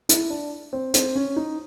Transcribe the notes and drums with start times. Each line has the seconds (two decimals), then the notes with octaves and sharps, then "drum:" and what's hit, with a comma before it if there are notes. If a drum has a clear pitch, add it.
0.09 E4, drum: hi-hat
0.30 D4
0.73 C4
0.94 C4, drum: hi-hat
1.16 C#4
1.36 D#4